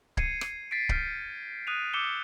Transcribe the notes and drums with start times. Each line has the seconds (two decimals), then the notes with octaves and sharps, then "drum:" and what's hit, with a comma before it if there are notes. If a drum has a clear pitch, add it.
0.17 G#6 C7 C#7 D#7, drum: kick C#1
0.41 drum: rim click
0.71 A6 B6 C7 D7
0.89 F6 G6 A6, drum: kick C#1
1.67 D#6 F#6 D#7 F7
1.94 D6 E6 G6 C#7 E7 G7